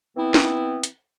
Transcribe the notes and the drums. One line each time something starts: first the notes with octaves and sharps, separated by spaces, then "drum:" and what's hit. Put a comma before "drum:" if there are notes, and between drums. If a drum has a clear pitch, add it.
E3 B3 C4 E4
drum: snare
drum: hi-hat